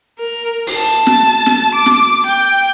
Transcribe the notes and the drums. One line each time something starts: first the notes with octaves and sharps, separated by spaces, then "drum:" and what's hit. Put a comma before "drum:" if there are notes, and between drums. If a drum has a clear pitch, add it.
A#4
drum: open hi-hat
A5
drum: snare
drum: snare
D6
drum: snare
G5